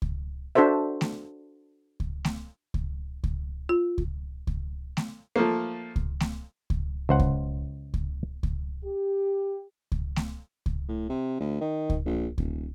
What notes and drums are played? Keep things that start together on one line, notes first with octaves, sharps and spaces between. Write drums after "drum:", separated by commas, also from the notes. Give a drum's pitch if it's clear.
drum: kick C#2
D4 F#4 A4 C5 E5
drum: snare A3
drum: kick C#2
drum: snare A3
drum: kick C#2
drum: kick C#2
F4
drum: kick C#2
drum: kick C#2
drum: snare A3
F3 A3 A#3
drum: kick C#2
drum: snare A3
drum: kick C#2
C#2 C5 F#5
drum: kick C#2
drum: kick C#2
drum: kick C#2
G4
drum: kick C#2
drum: snare A3
drum: kick C#2
A2
C3
D2
D#3
drum: kick C#2
A#1
D#1, drum: kick C#2